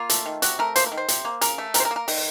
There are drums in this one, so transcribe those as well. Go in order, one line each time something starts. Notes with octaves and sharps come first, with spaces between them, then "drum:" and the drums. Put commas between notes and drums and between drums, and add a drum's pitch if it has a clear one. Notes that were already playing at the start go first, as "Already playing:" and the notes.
Already playing: A#3 F4
A3, drum: hi-hat
D#3
C3 F#4, drum: hi-hat
A3 A#4
A#3 C5, drum: hi-hat
A#4
D#3
C5
C3, drum: hi-hat
A#3
C#3 A#4, drum: hi-hat
A3
C3 A#4, drum: hi-hat
C5
A#4
A#3
A#4
D#3, drum: open hi-hat